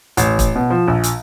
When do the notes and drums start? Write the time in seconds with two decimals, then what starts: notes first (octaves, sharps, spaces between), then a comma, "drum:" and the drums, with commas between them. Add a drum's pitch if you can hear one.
0.17 A1, drum: hi-hat
0.39 drum: kick, hi-hat
0.56 B2
0.70 F3
0.88 A#1
1.04 drum: hi-hat